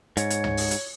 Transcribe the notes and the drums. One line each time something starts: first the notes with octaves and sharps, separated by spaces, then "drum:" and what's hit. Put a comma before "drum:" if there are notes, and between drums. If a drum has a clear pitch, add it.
G#2 C#5, drum: hi-hat
drum: hi-hat
drum: tom
drum: open hi-hat
drum: hi-hat